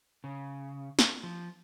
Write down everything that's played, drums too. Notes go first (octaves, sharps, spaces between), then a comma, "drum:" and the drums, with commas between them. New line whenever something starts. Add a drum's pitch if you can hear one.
C#3
drum: snare
F3